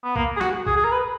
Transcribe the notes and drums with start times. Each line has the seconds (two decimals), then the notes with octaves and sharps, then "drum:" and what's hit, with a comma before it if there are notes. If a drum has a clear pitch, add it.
0.04 B3
0.16 A#3, drum: kick
0.37 G#4
0.41 F#4, drum: snare
0.67 G#4, drum: kick
0.77 G#4
0.84 A#4
0.92 B4